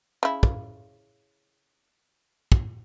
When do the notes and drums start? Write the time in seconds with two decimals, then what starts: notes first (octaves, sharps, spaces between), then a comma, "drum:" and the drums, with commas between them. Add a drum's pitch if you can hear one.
0.23 C#3 E4
0.43 drum: kick
2.52 drum: kick